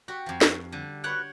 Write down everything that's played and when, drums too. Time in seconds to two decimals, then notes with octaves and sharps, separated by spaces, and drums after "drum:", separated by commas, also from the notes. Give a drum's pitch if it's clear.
0.08 F#4 G4 F#5 C#6
0.26 F2 F3
0.41 drum: snare
0.72 D3 G3
1.04 F#4 B4 C#5 F#5 G5 F#6